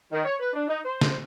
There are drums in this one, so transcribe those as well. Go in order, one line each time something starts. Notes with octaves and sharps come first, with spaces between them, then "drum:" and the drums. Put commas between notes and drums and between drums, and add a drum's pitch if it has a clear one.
D#3
C#5
B4
D4
D#4
C5
drum: snare